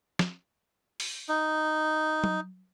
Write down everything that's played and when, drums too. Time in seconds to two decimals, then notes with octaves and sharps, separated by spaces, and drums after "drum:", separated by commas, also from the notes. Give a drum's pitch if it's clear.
0.19 drum: snare
1.00 drum: open hi-hat
1.29 D#4
2.24 drum: tom F#3